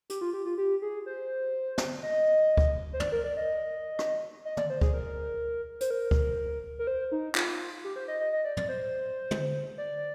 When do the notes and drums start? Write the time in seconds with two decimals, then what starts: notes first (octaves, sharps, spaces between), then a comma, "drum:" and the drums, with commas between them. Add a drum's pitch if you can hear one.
0.10 G4, drum: hi-hat
0.21 F4
0.33 G4
0.46 F4
0.58 G4
0.82 G#4
1.06 C5
1.78 drum: snare
2.03 D#5
2.57 drum: kick
2.93 C5
3.00 D5, drum: tom
3.12 A#4
3.24 D5
3.37 D#5
3.99 drum: rim click
4.45 D#5
4.57 D5, drum: tom
4.70 C5
4.81 G#4, drum: kick
4.94 A#4
5.81 C5, drum: hi-hat
5.91 A#4
6.11 drum: kick
6.79 A#4
6.87 C5
7.12 D#4
7.35 F4, drum: clap
7.84 G4
7.96 C5
8.08 D#5
8.20 D#5
8.33 D#5
8.45 D5
8.57 D5, drum: tom
8.69 C5
9.31 drum: tom
9.78 D5